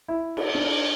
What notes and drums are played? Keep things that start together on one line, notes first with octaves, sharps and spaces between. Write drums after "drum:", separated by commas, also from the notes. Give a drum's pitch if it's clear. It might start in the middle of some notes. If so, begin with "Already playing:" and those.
E4
drum: cymbal
D4